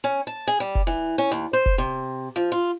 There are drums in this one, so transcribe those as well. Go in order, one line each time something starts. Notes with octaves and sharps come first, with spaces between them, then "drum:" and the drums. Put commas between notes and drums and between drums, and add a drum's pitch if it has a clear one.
C#4
A5
G#4
G3
drum: kick F1
E3
C#4
D#2
C5
drum: kick F1
C3
F3
F4